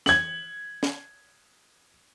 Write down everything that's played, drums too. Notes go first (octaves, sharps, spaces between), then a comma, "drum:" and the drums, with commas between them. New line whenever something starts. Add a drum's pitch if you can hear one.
G#6 F#7, drum: snare
drum: snare